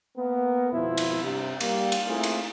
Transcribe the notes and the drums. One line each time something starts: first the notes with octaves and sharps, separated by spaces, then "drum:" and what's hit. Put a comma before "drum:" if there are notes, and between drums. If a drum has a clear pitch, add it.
A#3 B3 A#4
G#1 F2 B2 F3 E4
drum: cymbal
G2 C3
G3 A#3, drum: cymbal
drum: cymbal
A3 A#3 C4 E4 F4 G#4
drum: cymbal